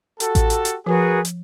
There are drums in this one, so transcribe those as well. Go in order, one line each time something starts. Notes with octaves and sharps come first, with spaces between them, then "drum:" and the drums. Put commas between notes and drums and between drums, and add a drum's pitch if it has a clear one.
F#4 G4 A4, drum: hi-hat
drum: kick A1, hi-hat
drum: hi-hat
drum: hi-hat
F3 F#4 G#4 A#4 B4
drum: hi-hat